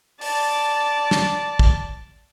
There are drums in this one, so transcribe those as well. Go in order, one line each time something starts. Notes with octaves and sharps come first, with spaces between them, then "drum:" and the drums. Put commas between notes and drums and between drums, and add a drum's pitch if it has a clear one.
D5 A5, drum: open hi-hat
drum: snare
drum: kick